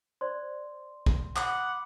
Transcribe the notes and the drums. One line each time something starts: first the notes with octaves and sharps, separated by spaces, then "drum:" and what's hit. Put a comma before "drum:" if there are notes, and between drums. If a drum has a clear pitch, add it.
C5 D5 C6
drum: kick
F#5 B5 D6 D#6, drum: clap